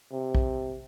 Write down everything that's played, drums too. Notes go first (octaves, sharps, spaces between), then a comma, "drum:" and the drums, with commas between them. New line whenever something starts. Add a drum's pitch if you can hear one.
C3
drum: kick